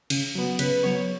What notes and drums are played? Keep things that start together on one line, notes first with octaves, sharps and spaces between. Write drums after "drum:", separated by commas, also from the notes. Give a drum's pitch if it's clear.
C#3, drum: cymbal
F#3 B3
C#3 B4, drum: cymbal
F#3 B3 C#5